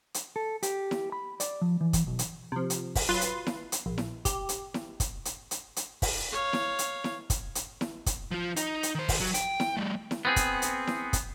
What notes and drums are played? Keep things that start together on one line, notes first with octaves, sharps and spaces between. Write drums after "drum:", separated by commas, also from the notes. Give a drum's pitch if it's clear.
drum: hi-hat
A4
G4, drum: hi-hat
drum: snare E4
B5
D5, drum: hi-hat
F3
E3
drum: kick, hi-hat
B1
drum: hi-hat
C3 F3
drum: hi-hat
drum: kick, open hi-hat
F#3 F4 B4 C6 A6 D#7
drum: hi-hat
drum: snare E4
drum: hi-hat
A#1
drum: snare E4
G4, drum: kick, hi-hat
drum: hi-hat
drum: snare E4
drum: kick, hi-hat
drum: hi-hat
drum: hi-hat
drum: hi-hat
drum: kick, open hi-hat
C#5 F5
drum: snare E4
drum: hi-hat
drum: snare E4
drum: kick, hi-hat
drum: hi-hat
drum: snare E4
drum: kick, hi-hat
F3 F4
D#4, drum: hi-hat
drum: hi-hat
D#3 C5
drum: kick, open hi-hat
F#3 F#4
G5, drum: hi-hat
drum: snare E4
G3 A3
drum: snare E4
B3 C4 G#4
drum: kick, hi-hat
drum: hi-hat
drum: snare E4
drum: kick, hi-hat